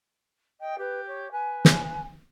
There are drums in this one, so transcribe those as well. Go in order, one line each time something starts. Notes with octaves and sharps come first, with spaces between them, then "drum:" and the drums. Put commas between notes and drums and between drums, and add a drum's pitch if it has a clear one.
D#5 G5
G4 B4
C#5
B4 G#5
drum: snare